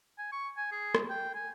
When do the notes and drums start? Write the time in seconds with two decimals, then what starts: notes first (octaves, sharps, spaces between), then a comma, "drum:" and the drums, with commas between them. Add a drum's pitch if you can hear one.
0.18 G#5
0.32 C#6
0.57 G#5
0.72 G#4
0.95 drum: rim click
1.09 G5
1.35 G#5